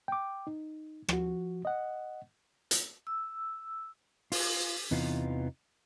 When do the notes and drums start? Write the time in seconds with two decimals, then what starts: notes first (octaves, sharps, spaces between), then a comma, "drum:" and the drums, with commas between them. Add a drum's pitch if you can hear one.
0.08 G5 D6
0.47 D#4
1.09 F3 F#4, drum: rim click
1.65 D#5 F#5
2.71 drum: hi-hat
3.07 E6
4.32 F4, drum: open hi-hat
4.91 E2 C3 E3 B3 D#4 F4